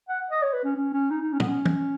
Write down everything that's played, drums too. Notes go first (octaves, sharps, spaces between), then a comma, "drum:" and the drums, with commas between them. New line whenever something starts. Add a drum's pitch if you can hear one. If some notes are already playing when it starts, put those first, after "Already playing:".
F#5
D#5
C#5
B4
C#4
C#4
C#4
D#4
D#4
C#4
B3, drum: tom
C#4
drum: tom